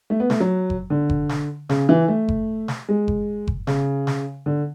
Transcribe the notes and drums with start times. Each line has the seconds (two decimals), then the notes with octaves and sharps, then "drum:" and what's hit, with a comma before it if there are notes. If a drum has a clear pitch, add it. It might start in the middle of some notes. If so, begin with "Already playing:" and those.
0.10 A3
0.20 B3
0.30 A3, drum: snare
0.40 F#3
0.70 drum: kick F#1
0.90 D3
1.10 drum: kick F#1
1.29 drum: snare
1.69 C#3, drum: snare
1.89 E3
2.08 A3
2.28 drum: kick F#1
2.68 drum: snare
2.89 G#3
3.08 drum: kick F#1
3.47 drum: kick F#1
3.67 C#3, drum: snare
4.07 drum: snare
4.46 D3